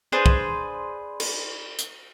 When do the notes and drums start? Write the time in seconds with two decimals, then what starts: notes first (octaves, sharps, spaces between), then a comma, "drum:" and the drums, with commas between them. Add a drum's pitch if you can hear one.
0.12 D4 G#4 B4 C5
0.26 drum: kick
1.20 drum: cymbal
1.79 drum: hi-hat